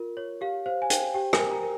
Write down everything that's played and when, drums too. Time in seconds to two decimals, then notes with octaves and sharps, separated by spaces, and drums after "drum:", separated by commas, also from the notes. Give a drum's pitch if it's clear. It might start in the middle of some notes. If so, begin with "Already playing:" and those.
Already playing: F4 A#4
0.17 C#5
0.41 G4 F5
0.66 C5 F5
0.82 G#5
0.90 C5 G5, drum: hi-hat
1.14 G4 G5
1.33 G#5, drum: rim click
1.39 A#4
1.51 A#5
1.63 A#4